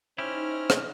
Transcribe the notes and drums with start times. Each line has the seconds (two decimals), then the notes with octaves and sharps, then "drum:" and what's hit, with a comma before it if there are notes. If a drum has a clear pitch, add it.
0.18 C#4 D#4 E4 G4 C5 F6 A#6
0.70 drum: rim click